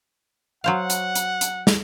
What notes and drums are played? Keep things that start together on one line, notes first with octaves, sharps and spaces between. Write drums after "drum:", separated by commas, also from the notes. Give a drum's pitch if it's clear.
F#3 C5 F5 F#5
drum: hi-hat
drum: hi-hat
drum: hi-hat
drum: snare